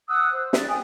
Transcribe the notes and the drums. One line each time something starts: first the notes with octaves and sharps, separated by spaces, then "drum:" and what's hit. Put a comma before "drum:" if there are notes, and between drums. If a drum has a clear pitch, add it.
F#5 D#6 E6 F#6
C5
D5, drum: snare
G5 G#5 D#6